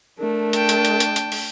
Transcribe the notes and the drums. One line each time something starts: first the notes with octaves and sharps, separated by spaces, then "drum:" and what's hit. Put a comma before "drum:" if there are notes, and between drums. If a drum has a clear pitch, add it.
A3 D4 A#4
G5 A5, drum: hi-hat
drum: hi-hat
drum: hi-hat
drum: hi-hat
drum: hi-hat
drum: open hi-hat